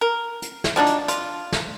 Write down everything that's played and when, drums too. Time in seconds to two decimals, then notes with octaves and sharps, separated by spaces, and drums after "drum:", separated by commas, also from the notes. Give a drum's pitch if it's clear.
0.01 A#4
0.42 drum: hi-hat
0.64 drum: snare
0.76 F3 F#3 D4 D#4
0.86 drum: hi-hat
1.08 F4, drum: hi-hat
1.52 drum: snare